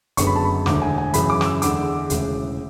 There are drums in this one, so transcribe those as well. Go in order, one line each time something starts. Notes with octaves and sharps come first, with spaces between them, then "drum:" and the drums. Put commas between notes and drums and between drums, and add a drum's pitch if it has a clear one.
F#1 F#2 D3 G#3 B3 C#6, drum: kick, hi-hat
B5
A5
B5
E1 D2 D3 D6, drum: snare
G#5
G#5
F#2 C#3 E3 B5, drum: hi-hat
D6
D6, drum: snare
E6
E2 D3 G#3 D6, drum: hi-hat
E1 D2 C#3 E3, drum: kick, hi-hat